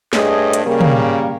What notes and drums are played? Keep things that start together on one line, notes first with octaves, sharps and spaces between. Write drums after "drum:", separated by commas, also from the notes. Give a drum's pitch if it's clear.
G2 A3 G#4 C#5 D#5, drum: snare
drum: hi-hat
C#3 G3 A#3
drum: tom